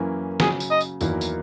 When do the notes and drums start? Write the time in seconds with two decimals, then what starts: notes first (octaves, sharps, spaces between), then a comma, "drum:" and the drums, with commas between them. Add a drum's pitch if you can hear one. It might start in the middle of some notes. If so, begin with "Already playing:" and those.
Already playing: F#2 E3 A#3 C#4 E4
0.40 C#3 F#3 C#4 G#4, drum: snare
0.60 drum: tambourine
0.71 D#5
0.81 drum: tambourine
1.01 E2 D#3 F#3 A#3 E4, drum: tambourine
1.21 drum: tambourine